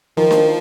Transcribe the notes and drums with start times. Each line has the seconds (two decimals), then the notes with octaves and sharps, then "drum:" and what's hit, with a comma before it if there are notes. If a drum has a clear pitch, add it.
0.17 D#3 F3
0.31 drum: snare D4